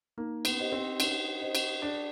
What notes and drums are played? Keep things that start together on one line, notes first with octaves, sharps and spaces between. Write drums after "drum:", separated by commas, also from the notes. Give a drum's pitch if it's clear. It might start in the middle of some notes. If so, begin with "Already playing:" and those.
A#3 D#4
B3, drum: cymbal
G4 C5 D#5
C4
C#4 D#4, drum: cymbal
G4 C5 D#5
drum: cymbal
D4 G#4